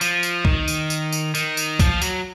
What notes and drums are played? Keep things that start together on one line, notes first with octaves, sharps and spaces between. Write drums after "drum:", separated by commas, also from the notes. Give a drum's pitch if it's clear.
F3, drum: tambourine
drum: tambourine
D#3, drum: kick B1
drum: tambourine
drum: tambourine
drum: tambourine
D#3, drum: tambourine
drum: tambourine
F3, drum: kick B1, tambourine
F#3, drum: tambourine